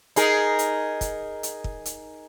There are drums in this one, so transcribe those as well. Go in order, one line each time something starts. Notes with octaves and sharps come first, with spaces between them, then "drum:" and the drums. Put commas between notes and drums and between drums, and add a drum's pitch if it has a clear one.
D#4 G#4 A#4, drum: hi-hat
drum: hi-hat
drum: kick, hi-hat
drum: hi-hat
drum: kick
drum: hi-hat